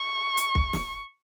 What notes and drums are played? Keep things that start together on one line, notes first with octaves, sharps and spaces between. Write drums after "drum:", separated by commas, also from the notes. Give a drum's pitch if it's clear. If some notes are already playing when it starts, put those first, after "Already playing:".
Already playing: C#6
drum: hi-hat
drum: kick
drum: snare